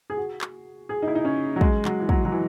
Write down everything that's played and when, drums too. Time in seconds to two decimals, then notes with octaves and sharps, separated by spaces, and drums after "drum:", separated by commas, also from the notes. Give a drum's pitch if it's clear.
0.10 G#4
0.17 F#4
0.41 drum: clap
0.89 G#4
1.02 D#4
1.08 E4
1.15 D#4
1.25 C#4
1.56 F#3
1.61 G#3, drum: kick
1.85 F#3, drum: clap
2.00 E3
2.09 F#3, drum: kick
2.25 F#3
2.32 E3